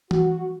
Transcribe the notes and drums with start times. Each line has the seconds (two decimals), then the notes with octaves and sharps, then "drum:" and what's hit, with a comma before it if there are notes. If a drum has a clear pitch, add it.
0.11 F#4, drum: tom E3